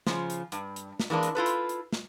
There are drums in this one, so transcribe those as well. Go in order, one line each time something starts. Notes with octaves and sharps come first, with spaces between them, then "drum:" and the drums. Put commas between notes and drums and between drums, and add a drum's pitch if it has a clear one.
C#3 F3, drum: snare
drum: hi-hat
G2, drum: hi-hat
drum: hi-hat
drum: snare
E3 G#3 A#3 D4
drum: hi-hat
E4 F4 A4 B4
drum: hi-hat
drum: hi-hat
drum: snare